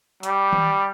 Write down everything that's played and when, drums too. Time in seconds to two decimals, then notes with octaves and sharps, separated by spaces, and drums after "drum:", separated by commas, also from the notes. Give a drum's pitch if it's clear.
0.23 G3, drum: hi-hat
0.53 drum: tom D#3